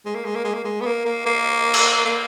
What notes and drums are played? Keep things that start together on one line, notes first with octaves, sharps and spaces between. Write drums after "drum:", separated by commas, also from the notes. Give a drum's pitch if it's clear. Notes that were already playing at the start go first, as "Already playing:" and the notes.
G#3
A#3
G#3
A#3
G#3
A#3
G#3
B3
A#3
A#3
A#3
drum: cymbal
A#3